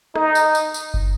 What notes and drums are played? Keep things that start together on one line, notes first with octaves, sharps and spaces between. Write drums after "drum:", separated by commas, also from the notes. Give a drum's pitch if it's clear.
D#4, drum: rim click
drum: tambourine
drum: tambourine
drum: tambourine
drum: kick F#1